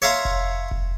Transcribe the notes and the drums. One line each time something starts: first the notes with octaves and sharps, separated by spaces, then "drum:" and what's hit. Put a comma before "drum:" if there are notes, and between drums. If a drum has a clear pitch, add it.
C#5 E5 F5 A#5 C6
drum: kick F1
drum: kick F1